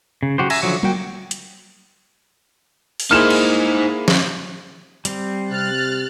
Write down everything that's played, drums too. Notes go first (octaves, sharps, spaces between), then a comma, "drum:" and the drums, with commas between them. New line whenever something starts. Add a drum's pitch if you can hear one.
C#3
C#3 F#3 F#4 G4 C5
E5 G#5 A#5, drum: cymbal
D3 F3 F#3 C#6
A#3 F#4 G5, drum: tom F#3
drum: hi-hat
drum: open hi-hat
A#3 D#4 E4 G#4 C5 F6 E7
drum: cymbal
drum: snare
G3 C4, drum: hi-hat
C3 F6 F#6 A6